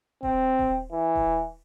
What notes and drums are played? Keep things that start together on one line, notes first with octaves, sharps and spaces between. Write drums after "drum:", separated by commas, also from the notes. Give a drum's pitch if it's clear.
C4, drum: kick D#1
drum: kick D#1
E3
drum: kick D#1